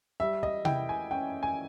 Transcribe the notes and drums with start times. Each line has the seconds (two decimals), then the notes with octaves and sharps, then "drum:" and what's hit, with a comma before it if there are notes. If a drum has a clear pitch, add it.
0.20 G3 E5
0.43 D#5, drum: kick
0.65 E4 G5, drum: tom C3
0.89 G#5
1.11 C#4 G5
1.43 G#5